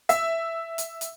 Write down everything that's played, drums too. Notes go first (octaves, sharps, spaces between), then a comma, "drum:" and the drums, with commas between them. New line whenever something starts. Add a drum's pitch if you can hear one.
E5, drum: hi-hat
drum: hi-hat
drum: hi-hat